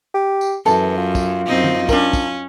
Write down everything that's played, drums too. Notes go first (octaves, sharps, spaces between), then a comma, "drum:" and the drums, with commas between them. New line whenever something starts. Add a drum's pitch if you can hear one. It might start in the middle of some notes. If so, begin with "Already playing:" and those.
G4
drum: tambourine
F#2 E3 A4, drum: tambourine
F4
drum: kick, tambourine
F#2 C4 D#4
drum: tom
C#4 D4 A#4, drum: kick, tambourine
drum: kick, tambourine